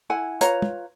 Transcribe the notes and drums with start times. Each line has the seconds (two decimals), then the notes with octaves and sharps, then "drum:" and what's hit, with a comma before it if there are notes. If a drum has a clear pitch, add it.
0.10 E4 F#5 G#5
0.41 F4 B4 C#5 A#5, drum: hi-hat
0.62 drum: tom